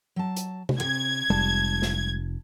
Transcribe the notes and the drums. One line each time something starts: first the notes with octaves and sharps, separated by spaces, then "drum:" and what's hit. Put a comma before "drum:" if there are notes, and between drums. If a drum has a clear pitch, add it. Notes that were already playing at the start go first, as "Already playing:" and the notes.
F#3 A5
drum: hi-hat
drum: tom C3
D#2 C3 G#6
F1 G3 G#3 A5
drum: snare